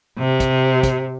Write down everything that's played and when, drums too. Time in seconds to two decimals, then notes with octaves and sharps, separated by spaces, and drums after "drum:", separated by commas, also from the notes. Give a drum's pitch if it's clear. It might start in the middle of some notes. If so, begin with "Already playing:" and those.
0.19 C3
0.40 drum: kick, hi-hat
0.83 drum: kick, hi-hat